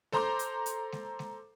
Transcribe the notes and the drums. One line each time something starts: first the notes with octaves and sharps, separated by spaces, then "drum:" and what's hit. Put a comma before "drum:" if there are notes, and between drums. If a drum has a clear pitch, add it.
A4 C5 A#5 C6 D6 G6, drum: snare G#3
drum: hi-hat
drum: hi-hat
drum: snare G#3
drum: snare G#3